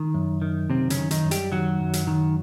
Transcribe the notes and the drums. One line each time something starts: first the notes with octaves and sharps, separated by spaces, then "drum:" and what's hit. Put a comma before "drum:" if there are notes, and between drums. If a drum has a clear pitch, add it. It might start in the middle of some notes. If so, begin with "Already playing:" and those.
Already playing: D#3
F#2
D#3
F#2 C3 C4
C#3 C#4, drum: hi-hat
D#3
D#3 D#4, drum: hi-hat
F#2
G3 G4, drum: hi-hat
D#3 F#3 F#4
F#2
drum: hi-hat
D#3